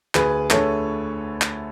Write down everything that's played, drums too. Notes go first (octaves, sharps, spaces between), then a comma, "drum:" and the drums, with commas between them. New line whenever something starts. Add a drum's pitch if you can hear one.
D2 G#4 B4, drum: clap
D3 A3 A4 C#5, drum: clap
drum: clap